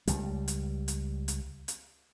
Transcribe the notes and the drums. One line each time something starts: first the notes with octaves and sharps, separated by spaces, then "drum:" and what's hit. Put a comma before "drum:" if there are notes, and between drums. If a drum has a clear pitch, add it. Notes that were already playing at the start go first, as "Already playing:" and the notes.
C#2 G3, drum: hi-hat
drum: hi-hat
drum: hi-hat
drum: hi-hat
drum: hi-hat